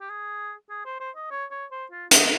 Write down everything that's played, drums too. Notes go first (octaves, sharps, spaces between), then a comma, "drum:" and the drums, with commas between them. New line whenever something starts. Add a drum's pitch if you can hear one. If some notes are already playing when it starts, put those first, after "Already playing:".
G4
G#4
G#4
C5
C5
D#5
C#5
C#5
C5
F4
D#4, drum: hi-hat